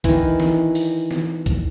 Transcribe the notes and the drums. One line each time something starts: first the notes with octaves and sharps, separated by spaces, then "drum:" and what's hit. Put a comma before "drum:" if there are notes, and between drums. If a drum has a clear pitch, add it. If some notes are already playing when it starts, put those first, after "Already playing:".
D#3 E3, drum: kick, hi-hat
drum: snare
drum: open hi-hat
drum: snare
drum: kick, hi-hat